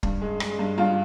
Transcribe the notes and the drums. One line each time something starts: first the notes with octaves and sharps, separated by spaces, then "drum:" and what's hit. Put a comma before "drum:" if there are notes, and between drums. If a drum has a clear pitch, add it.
G2, drum: kick
G#3
G#3, drum: rim click
G2
G2 F4